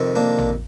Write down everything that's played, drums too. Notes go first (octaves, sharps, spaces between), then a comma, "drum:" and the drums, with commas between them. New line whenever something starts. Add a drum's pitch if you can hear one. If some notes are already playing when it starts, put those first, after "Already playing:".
Already playing: F2 C3 D#3
A#3 D4
drum: tom A1